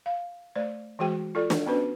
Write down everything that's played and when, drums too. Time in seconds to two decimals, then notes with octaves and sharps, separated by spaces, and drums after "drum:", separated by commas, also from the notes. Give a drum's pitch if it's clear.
0.06 F5
0.56 A3 C5 D5
0.99 E3 G#3 F#4 G#4 C5 G5
1.35 F4 A4 D5
1.50 drum: snare
1.66 B3 C#4 D4 F#4 B4 C5